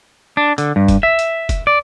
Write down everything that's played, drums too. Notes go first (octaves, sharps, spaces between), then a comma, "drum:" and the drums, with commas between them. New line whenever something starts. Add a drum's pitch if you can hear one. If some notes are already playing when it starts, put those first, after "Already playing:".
D4
D3, drum: hi-hat
G2
drum: kick, hi-hat
E5
drum: hi-hat
drum: kick, hi-hat
D5